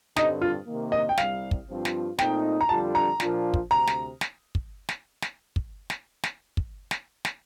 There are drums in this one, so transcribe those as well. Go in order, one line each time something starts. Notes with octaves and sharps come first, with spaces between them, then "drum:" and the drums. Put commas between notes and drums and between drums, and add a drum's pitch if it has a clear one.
G2 D3 G3 C4 D#4, drum: snare
F4
C3 D#3 A#3
D#5
G5
C2 C3 G3 F5, drum: snare
drum: kick
G2 F3 C4 F4
drum: snare
A#2 A3 C4 D#4 G5, drum: snare
A#5
F2 D3 G3 D4 F4 A5
A#5
A#2 F3 A#3 D4 F4, drum: snare
drum: kick
D2 C3 A#5
drum: snare
drum: snare
drum: kick
drum: snare
drum: snare
drum: kick
drum: snare
drum: snare
drum: kick
drum: snare
drum: snare